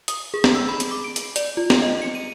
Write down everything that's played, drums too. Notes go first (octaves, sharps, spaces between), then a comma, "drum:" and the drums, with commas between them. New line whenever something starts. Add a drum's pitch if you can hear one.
D#6, drum: hi-hat
G#4
drum: snare
E6
B5
drum: hi-hat
D6
D7
drum: hi-hat
D5, drum: hi-hat
F4
drum: snare
D#5
C#7
D#7